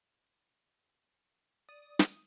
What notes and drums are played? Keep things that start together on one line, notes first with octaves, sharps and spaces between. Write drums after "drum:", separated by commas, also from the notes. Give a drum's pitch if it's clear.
D5 D#6
drum: snare